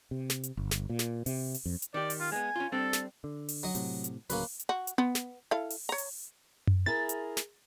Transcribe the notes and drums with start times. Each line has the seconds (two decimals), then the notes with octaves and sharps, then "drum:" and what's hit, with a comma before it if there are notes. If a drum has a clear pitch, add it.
0.11 C3
0.30 drum: snare
0.43 drum: hi-hat
0.57 G1
0.71 drum: snare
0.90 A#2
0.99 drum: snare
1.26 C3, drum: open hi-hat
1.54 drum: open hi-hat
1.66 F2
1.82 drum: hi-hat
1.94 D#3 G4 D5
2.10 drum: open hi-hat
2.20 F4
2.32 G#3 B3 G#5
2.56 C#4 F4
2.72 G3 C4 D4 A4
2.93 drum: snare
3.24 D3
3.49 drum: open hi-hat
3.63 F#3 D#5
3.75 A2 C3, drum: open hi-hat
4.04 drum: hi-hat
4.30 D1 C#3 F#3 A#3 C#4 B4, drum: open hi-hat
4.59 drum: hi-hat
4.69 F#4
4.87 drum: hi-hat
4.98 B3, drum: tom B3
5.15 drum: snare
5.51 E4 A4 F5
5.70 drum: open hi-hat
5.89 C#5 A#5
5.98 drum: open hi-hat
6.67 drum: tom F#2
6.86 E4 G#4 A#4 A6
7.09 drum: hi-hat
7.37 drum: snare